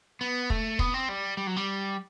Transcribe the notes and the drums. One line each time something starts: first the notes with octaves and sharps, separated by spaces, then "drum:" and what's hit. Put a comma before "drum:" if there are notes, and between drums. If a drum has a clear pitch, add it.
B3
A3, drum: kick
B3, drum: kick
C4
G3
G3
F#3
G3